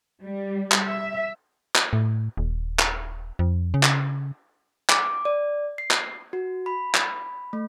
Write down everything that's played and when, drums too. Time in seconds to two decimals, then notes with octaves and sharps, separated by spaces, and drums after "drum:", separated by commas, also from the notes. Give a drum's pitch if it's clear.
0.23 G3
0.72 drum: clap
0.85 E5
1.76 drum: clap
1.93 A2
2.37 D#1
2.79 drum: clap
3.39 F2
3.74 C#3
3.83 drum: clap
4.90 D6, drum: clap
5.25 D5
5.78 C7
5.91 drum: clap
6.33 F#4
6.66 B5
6.95 drum: clap
7.53 A3